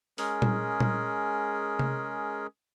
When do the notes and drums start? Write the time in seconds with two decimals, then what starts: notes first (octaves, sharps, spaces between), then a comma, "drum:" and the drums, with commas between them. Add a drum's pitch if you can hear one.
0.18 G#3 C#4 G#4 A#4, drum: open hi-hat
0.42 drum: tom A#2
0.80 drum: tom A#2
1.79 drum: tom C3